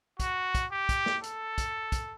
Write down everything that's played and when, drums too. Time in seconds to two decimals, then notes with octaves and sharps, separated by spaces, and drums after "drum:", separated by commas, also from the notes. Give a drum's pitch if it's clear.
0.20 F#4, drum: kick, hi-hat
0.55 drum: kick, hi-hat
0.72 G4
0.89 drum: kick, hi-hat
1.06 drum: snare
1.23 A4, drum: hi-hat
1.58 drum: kick, hi-hat
1.92 drum: kick, hi-hat